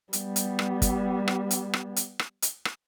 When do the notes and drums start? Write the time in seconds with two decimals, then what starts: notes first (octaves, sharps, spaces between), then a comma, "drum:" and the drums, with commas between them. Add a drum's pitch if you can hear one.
0.13 G3 B3, drum: hi-hat
0.36 drum: hi-hat
0.59 drum: rim click
0.82 drum: kick, hi-hat
1.28 drum: rim click
1.51 drum: hi-hat
1.73 drum: rim click
1.96 drum: hi-hat
2.19 drum: rim click
2.42 drum: hi-hat
2.65 drum: rim click